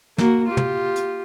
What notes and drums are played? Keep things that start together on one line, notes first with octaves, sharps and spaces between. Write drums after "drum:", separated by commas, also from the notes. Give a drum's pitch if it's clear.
A#3 F#4, drum: snare
F4 G4
drum: tom
drum: hi-hat